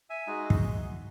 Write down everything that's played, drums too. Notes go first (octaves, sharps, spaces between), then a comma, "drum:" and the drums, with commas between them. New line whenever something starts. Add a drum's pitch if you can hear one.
E5 G#5
G#3 D#4 F#4
drum: kick